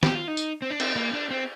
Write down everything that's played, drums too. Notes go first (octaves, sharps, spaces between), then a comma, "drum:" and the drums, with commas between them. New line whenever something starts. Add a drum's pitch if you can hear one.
G4, drum: snare
F4
D#4
drum: tambourine
C4
D4
C4, drum: cymbal
A#3
D4
C4